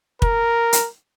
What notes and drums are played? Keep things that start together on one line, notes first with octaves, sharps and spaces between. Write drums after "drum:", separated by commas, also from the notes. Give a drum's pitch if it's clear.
A#4, drum: kick
drum: hi-hat